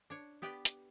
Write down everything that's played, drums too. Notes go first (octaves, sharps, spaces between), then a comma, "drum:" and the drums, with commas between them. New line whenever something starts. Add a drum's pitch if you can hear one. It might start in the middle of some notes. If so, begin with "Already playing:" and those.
D4 C#5
B3 G4 B4 D5 G5
drum: hi-hat